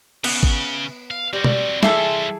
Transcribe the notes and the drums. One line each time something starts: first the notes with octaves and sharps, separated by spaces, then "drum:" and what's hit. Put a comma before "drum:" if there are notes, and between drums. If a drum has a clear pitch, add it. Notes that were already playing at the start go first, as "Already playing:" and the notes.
C#3 B3, drum: cymbal
drum: kick G#1
F5
G3 C4 F#4
drum: tom
E3 G3 G#4 A4 C5 E5, drum: snare